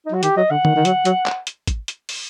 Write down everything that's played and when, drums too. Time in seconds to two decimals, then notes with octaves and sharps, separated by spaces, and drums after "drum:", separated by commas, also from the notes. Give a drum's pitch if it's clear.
0.06 D#4
0.12 F#3 F#4
0.23 D#3 G4, drum: hi-hat
0.37 F#3 D#5
0.50 D3 F#5
0.65 D#3, drum: tom D3
0.76 D#3
0.85 F#3, drum: hi-hat
1.05 F#3, drum: hi-hat
1.26 drum: clap
1.47 drum: hi-hat
1.67 drum: kick, hi-hat
1.88 drum: hi-hat
2.09 drum: open hi-hat